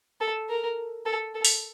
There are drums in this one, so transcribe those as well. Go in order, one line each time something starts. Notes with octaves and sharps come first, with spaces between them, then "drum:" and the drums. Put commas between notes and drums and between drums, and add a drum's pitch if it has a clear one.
A4
A#4
A4
A4
drum: open hi-hat